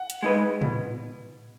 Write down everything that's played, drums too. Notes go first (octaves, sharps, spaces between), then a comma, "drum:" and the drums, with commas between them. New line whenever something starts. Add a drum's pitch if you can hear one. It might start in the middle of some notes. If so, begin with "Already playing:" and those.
Already playing: F#5
drum: hi-hat
G#3 D#4 B4
B2, drum: tom A2